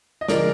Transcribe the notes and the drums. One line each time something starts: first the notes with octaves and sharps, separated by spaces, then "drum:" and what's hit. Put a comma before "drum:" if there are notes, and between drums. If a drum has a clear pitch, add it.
D#5
D3 F3 G#3 A#4 D5, drum: snare